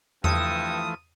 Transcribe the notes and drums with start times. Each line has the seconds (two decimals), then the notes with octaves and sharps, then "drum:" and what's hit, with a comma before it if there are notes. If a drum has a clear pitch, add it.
0.24 G2 E3 F3 A3 A4 D#6, drum: tom E2